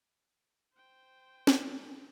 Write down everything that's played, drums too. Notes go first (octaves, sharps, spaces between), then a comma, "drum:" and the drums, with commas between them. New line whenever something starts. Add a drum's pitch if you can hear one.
C5 G5
drum: snare